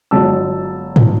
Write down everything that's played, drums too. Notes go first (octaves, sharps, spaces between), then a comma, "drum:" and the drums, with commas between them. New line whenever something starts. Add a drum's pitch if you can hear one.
G1 F#3 G#3 A5 E6
drum: tom G#2